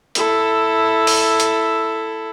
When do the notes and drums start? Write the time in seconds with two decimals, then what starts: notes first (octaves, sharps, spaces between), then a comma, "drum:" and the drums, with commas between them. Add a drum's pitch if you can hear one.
0.15 E4 A4, drum: hi-hat
1.07 drum: open hi-hat
1.40 drum: hi-hat